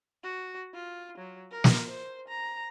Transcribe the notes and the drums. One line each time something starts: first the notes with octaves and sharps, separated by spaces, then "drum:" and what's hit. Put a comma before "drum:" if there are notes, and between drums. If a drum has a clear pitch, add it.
F#4
F4
F#3
A#4
drum: snare
C5
A#5